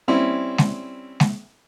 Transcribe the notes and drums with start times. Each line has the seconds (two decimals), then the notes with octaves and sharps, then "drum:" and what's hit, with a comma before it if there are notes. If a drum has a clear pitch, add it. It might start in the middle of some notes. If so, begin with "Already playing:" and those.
0.08 G3 C4 C#4 E4
0.58 drum: snare G#3
1.20 drum: snare G#3